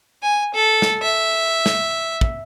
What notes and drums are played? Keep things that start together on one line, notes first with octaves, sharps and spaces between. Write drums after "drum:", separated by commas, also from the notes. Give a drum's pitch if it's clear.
G#5
A4
drum: snare
E5
drum: snare
drum: kick